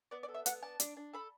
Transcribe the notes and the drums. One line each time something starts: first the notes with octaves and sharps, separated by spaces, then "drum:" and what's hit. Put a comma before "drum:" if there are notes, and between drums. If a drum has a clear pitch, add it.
B3 D5
D5
A4
E5
B3 F#5, drum: hi-hat
D4 A5
D4, drum: hi-hat
D4
A4 B5